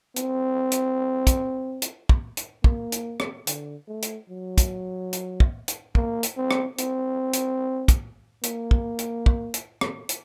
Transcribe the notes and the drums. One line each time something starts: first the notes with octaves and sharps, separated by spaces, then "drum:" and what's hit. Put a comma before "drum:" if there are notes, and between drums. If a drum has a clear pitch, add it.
C4, drum: hi-hat
drum: hi-hat
drum: kick, hi-hat
drum: hi-hat
drum: kick
drum: hi-hat
A#3, drum: kick
drum: hi-hat
drum: rim click
D3, drum: hi-hat
A3
drum: hi-hat
F#3
drum: kick, hi-hat
drum: hi-hat
drum: kick
drum: hi-hat
A#3, drum: kick
drum: hi-hat
C4
drum: rim click
C4, drum: hi-hat
drum: hi-hat
drum: kick, hi-hat
A#3, drum: hi-hat
drum: kick
drum: hi-hat
drum: kick
drum: hi-hat
drum: rim click
drum: hi-hat